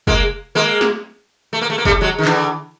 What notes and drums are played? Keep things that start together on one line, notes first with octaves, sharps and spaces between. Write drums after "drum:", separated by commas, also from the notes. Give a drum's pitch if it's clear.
G#3 A#3, drum: kick
G#3 A#3
drum: snare
A3
A#3
A3
A#3
G3 A3, drum: kick
F#3 G#3
D#3
D3 E3, drum: clap